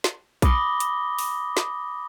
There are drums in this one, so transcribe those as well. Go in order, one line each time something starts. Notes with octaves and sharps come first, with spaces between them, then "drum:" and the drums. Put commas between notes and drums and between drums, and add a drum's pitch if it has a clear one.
drum: snare
B5 D6 D#6 A#6 G7, drum: kick A#1, hi-hat
drum: hi-hat
drum: open hi-hat
drum: snare